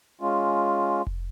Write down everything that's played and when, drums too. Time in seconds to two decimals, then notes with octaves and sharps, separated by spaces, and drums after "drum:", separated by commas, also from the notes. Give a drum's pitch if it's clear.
0.21 G#3 C#4 F4
1.07 drum: kick F1